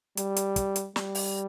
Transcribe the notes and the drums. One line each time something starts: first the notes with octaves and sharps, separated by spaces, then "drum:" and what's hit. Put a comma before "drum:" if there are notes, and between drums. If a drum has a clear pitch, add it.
G3, drum: hi-hat
drum: hi-hat
drum: kick, hi-hat
drum: hi-hat
G3, drum: snare
drum: open hi-hat